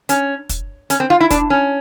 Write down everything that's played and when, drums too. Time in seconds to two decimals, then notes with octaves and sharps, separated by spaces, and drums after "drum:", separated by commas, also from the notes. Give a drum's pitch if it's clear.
0.09 C#4, drum: hi-hat
0.49 drum: kick, hi-hat
0.90 C#4, drum: hi-hat
1.00 C4
1.10 F4
1.20 E4
1.31 D4, drum: kick, hi-hat
1.50 C#4